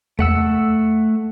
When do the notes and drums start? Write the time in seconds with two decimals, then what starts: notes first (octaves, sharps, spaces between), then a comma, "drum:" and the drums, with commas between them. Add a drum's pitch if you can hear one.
0.19 A3 F#5 E6, drum: tom E2